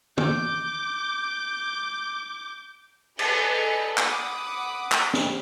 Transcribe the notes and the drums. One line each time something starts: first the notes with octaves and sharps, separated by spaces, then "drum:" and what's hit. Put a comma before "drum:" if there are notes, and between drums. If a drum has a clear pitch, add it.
D6 G6, drum: tom
G#4 A4 B4 D5 D#5, drum: cymbal
F#5 B5 D6 D#6, drum: clap
drum: clap
drum: snare